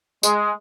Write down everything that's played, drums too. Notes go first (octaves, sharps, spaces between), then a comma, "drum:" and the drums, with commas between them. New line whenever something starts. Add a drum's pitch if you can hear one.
G#3, drum: tambourine